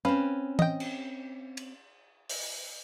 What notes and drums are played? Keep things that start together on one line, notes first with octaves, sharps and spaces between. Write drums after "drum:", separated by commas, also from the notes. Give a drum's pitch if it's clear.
C4 C#4 B4 F5
D#5 G5, drum: tom
drum: cymbal
drum: cymbal
drum: open hi-hat